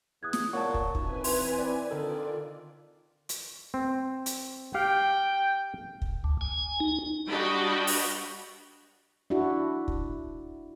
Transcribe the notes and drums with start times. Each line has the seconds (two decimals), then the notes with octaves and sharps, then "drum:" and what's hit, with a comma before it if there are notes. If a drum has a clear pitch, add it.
0.23 E2 D#6 F#6 G#6
0.33 drum: snare
0.53 A#2 C#5 F#5 A5 C#6
0.74 drum: kick
0.95 F#2 C4 D#4 B4 G#5, drum: kick
1.24 E3 C6, drum: open hi-hat
1.59 D5
1.91 D3 D#3 F4 A4 D5
3.29 drum: hi-hat
3.74 C4
4.26 drum: hi-hat
4.74 G4 F5 G5
6.02 drum: kick
6.24 D2
6.41 G#5
6.80 D#4
7.27 G3 D4 F#4 D#5 G5 B5
7.87 drum: open hi-hat
9.30 D4 E4 F#4
9.88 drum: kick